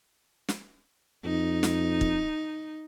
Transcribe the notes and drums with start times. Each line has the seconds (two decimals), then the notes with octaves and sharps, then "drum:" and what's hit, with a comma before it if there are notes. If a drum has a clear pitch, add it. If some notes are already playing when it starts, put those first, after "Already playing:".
0.49 drum: snare
1.25 F2 D#4
1.63 drum: snare
2.01 drum: kick